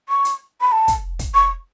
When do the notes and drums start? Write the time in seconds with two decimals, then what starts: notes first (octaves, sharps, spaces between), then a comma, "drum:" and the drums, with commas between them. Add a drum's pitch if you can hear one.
0.09 C#6
0.25 drum: hi-hat
0.61 B5
0.72 A5
0.88 drum: kick, hi-hat
1.19 drum: kick, hi-hat
1.34 C#6